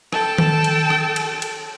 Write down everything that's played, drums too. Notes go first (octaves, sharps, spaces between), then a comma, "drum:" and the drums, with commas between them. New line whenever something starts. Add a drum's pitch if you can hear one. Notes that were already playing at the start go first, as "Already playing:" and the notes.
A4 G5 A5, drum: rim click
drum: tom D#3
drum: cymbal
drum: rim click
drum: cymbal
drum: cymbal